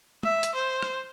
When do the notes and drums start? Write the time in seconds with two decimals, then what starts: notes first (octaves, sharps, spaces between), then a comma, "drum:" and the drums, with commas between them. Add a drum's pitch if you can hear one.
0.23 E5, drum: tom
0.43 drum: hi-hat
0.55 C5
0.83 drum: rim click